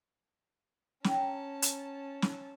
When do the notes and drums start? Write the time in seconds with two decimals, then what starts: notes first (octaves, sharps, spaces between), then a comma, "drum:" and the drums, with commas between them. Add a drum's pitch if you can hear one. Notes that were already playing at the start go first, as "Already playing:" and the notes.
1.04 C#4 G5 A5 A#5, drum: snare
1.62 drum: hi-hat
2.22 drum: snare